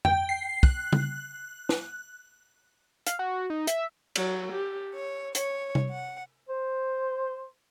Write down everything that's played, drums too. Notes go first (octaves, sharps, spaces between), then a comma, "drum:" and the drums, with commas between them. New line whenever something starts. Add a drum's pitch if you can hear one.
G5, drum: tom F2
C7
F#6, drum: kick
drum: tom C#3
drum: snare
F5, drum: hi-hat
F#4
D#4
E5, drum: hi-hat
F#3, drum: cymbal
G4
C#5
C#5, drum: hi-hat
drum: tom C3
F#5
C5